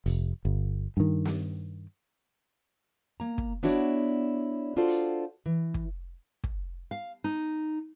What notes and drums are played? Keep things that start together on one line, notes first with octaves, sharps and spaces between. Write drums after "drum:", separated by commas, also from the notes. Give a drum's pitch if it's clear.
F1, drum: hi-hat
G1
G2 D#3
drum: snare
A#3 A#5
drum: kick
B3 D4 E4 F#4 C#5 D5, drum: hi-hat
D4 F4 F#4 A4 C5 D5
drum: hi-hat
E3
drum: kick
drum: kick
F5
D#4